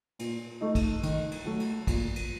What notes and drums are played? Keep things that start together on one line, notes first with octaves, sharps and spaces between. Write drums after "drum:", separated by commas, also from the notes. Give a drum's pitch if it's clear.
A#2, drum: cymbal
A3 D#4
drum: kick, cymbal
D#3, drum: cymbal
drum: cymbal
F#3 A3
drum: cymbal
A#2, drum: kick, cymbal
drum: cymbal